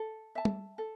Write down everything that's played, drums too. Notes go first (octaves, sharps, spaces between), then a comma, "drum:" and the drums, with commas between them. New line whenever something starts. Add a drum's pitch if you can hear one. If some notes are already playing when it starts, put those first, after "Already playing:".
Already playing: A4
E5 A5
drum: tom
A4